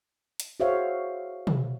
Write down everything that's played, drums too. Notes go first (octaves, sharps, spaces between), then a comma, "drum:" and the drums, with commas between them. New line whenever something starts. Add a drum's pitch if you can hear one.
drum: hi-hat
F#4 G#4 C5 C#5 E5 F5
drum: tom